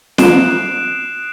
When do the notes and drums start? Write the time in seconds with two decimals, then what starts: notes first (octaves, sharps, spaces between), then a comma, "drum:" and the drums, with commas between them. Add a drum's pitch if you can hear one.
0.18 D#6 F#6 C7 D7 E7, drum: snare